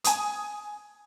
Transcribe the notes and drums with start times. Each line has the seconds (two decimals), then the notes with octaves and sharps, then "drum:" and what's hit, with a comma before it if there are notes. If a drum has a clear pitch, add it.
0.04 G#5 D#6, drum: hi-hat